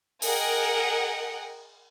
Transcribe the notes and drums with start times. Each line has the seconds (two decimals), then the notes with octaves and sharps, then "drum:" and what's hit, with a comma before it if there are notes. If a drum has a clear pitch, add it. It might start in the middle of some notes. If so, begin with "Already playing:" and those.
0.22 G#4 A#4 D#5 F#5 G5, drum: open hi-hat